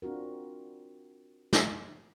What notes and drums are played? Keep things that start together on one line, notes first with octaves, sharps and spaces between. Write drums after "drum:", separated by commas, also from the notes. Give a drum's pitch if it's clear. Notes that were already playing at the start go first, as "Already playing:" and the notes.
C4 D4 F4 F#4 A#4
drum: snare